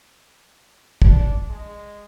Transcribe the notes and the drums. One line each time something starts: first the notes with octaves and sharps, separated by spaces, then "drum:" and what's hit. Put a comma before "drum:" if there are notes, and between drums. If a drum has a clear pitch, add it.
D4, drum: kick
G#3